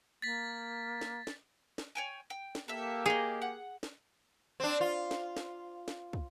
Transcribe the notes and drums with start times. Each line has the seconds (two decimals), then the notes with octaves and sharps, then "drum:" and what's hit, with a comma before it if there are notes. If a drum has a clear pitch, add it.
0.22 A#3 A6 B6
1.01 drum: snare
1.27 drum: snare
1.78 drum: snare
1.95 C#5 G5 G#5
2.30 G5
2.55 drum: snare
2.68 A#3 G4 A4 E5
3.06 G#4 C#5 D#5
3.42 F#5
3.83 drum: snare
4.60 C4 D4
4.81 F4
5.11 drum: snare
5.37 drum: snare
5.88 drum: snare
6.13 drum: kick